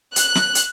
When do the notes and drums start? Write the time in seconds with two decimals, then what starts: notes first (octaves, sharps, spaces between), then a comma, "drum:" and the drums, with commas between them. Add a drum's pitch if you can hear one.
0.16 F#6, drum: hi-hat
0.35 drum: snare
0.55 drum: hi-hat